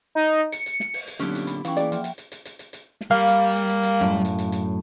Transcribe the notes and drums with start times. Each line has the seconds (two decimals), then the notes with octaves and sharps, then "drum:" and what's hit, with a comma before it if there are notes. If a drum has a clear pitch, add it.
0.15 D#4
0.52 C#7, drum: hi-hat
0.66 drum: hi-hat
0.80 drum: snare
0.94 drum: open hi-hat
1.08 drum: hi-hat
1.20 A#2 D3 F#3 B3 C#4 D#4 G4, drum: hi-hat
1.35 drum: hi-hat
1.47 B5, drum: hi-hat
1.65 E3 C#4 D#4 F5 G5 C#6, drum: hi-hat
1.77 A#3 G#4 D5, drum: hi-hat
1.92 F3 E5 F#5 G5, drum: hi-hat
2.04 drum: hi-hat
2.18 drum: hi-hat
2.32 drum: hi-hat
2.45 drum: hi-hat
2.59 drum: hi-hat
2.73 drum: hi-hat
3.01 drum: snare
3.11 G3 A#3 F5
3.28 drum: hi-hat
3.56 drum: hi-hat
3.70 drum: hi-hat
3.83 drum: hi-hat
4.01 F#2 A2
4.25 drum: hi-hat
4.39 drum: hi-hat
4.52 drum: hi-hat